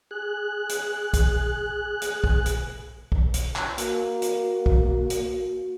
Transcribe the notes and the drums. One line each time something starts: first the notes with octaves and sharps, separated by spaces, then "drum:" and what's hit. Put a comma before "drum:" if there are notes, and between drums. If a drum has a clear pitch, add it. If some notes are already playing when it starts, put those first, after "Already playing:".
G#4 F#6
drum: hi-hat
drum: kick, hi-hat
drum: hi-hat
drum: kick
drum: hi-hat
drum: kick
drum: hi-hat
drum: clap
A#3 F#4, drum: hi-hat
drum: hi-hat
drum: kick
drum: hi-hat